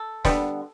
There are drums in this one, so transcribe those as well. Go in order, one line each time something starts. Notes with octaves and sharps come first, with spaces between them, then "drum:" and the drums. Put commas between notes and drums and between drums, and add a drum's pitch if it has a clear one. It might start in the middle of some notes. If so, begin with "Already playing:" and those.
Already playing: A4
D3 G3 B3, drum: snare